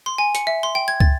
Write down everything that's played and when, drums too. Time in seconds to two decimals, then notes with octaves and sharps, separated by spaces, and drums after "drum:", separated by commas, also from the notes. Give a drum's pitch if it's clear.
0.06 C6
0.18 G#5
0.35 C#7, drum: hi-hat
0.47 E5
0.63 C6
0.75 G5
0.88 G#6
1.00 A6, drum: kick